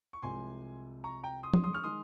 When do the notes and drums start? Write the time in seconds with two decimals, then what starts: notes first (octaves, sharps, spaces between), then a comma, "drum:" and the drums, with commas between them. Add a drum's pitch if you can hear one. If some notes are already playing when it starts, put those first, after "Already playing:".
0.13 C#6
0.22 C2 C3 F3 G#3 G#5 C6
1.04 A#5 C#6
1.23 G5 A#5
1.43 C6 D#6
1.54 C6 D#6, drum: tom F3
1.64 C6 D#6
1.73 C#6 F6
1.83 D#3 G#3 C6 D#6